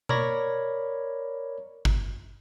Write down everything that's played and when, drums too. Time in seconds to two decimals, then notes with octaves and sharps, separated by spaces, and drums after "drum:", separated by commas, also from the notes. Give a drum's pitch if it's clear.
0.09 A#4 C#5 D5 B5 G#6 A#6, drum: tom B2
1.85 drum: kick G1